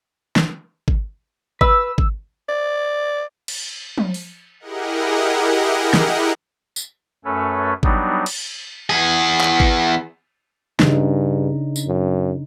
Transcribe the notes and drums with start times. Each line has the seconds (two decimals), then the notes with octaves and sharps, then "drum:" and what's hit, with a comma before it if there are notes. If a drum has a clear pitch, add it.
0.36 drum: snare
0.88 drum: kick G#1
1.61 B4 E6, drum: kick G#1
1.98 drum: kick G#1
2.49 D5
3.48 drum: cymbal
3.98 drum: tom F3
4.14 drum: open hi-hat
4.60 E4 G4 G#4 A#4 D#5 F#5
5.94 drum: snare
6.76 drum: tambourine
7.25 F#2 A3 C#4 A4 B4 C#5
7.83 F#3 G3 B3 D4 D#4, drum: kick G#1
8.26 drum: cymbal
8.90 E2 G#4
9.40 drum: clap
9.60 drum: kick G#1
10.80 G2 C#3 D4 D#4, drum: snare
11.76 drum: tambourine
11.87 F#2